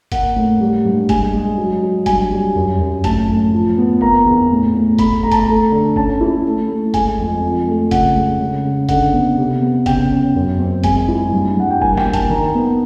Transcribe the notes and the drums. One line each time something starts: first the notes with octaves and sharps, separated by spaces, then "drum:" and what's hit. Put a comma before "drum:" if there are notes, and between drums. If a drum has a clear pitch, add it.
A#3 F#5, drum: kick G1, hi-hat
A2
G3
G2
G#3 G#5, drum: kick G1, hi-hat
G#3
F#3
F#3
G2 G#5, drum: kick G1, hi-hat
G3
F#2
F#2
A2 A5, drum: kick G1, hi-hat
A2
F3
B3
A#3 A#5, drum: kick G1
E2
A2
A2
A3 B5, drum: kick G1, hi-hat
A3 A#5
A5, drum: kick G1, hi-hat
A#5
A3
D3
C#4 A5, drum: kick G1
E4
A3
A3
G#3 G#5, drum: kick G1, hi-hat
F2
F3
A3
C#3 F#5, drum: kick G1, hi-hat
G#3
C#3
C#3
D3 F#5, drum: kick G1, hi-hat
B3
C3
B3
C#3 G5, drum: kick G1, hi-hat
C#4
F#2
C4
G#3 G#5, drum: kick G1, hi-hat
E4
G2
G2 F#5
G5
A#3 G#5, drum: kick G1
G5, drum: snare
A#3
A5, drum: kick G1, hi-hat
D#3 A#5
B3